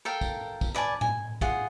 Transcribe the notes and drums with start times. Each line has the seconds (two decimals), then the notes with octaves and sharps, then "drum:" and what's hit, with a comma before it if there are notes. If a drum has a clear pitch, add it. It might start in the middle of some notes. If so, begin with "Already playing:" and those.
0.05 A4 A#4 F5 G5
0.21 drum: kick, tambourine
0.61 drum: kick, tambourine
0.74 B4 D5 G#5 A5
1.01 G#5, drum: tom A2
1.41 F4 G#4 F#5, drum: kick